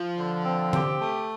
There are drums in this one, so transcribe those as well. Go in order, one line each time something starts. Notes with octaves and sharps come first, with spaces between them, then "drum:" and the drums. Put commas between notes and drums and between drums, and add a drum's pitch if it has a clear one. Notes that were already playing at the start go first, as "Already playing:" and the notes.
Already playing: F3
D3
C4
G4, drum: tom D3
A3